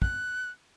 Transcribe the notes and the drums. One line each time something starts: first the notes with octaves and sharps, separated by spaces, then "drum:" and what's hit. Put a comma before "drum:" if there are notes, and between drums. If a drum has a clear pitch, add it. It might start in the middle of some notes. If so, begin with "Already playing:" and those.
F#6, drum: kick